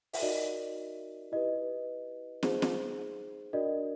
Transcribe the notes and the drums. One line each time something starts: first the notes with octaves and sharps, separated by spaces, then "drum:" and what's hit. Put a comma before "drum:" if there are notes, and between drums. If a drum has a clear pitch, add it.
E5, drum: open hi-hat
D#4 F#4 A#4 D5 D#5
E4 G4 B4 D#5
D#4 G#4 C5, drum: snare
drum: snare
D4 F#4 A#4 D5 D#5